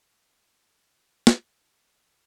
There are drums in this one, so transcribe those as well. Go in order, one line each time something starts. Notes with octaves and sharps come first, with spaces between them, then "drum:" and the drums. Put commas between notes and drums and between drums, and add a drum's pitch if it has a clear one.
F3 F5
drum: snare
F2 E3 A#3 F#5 F6
D#4 A#4 C#5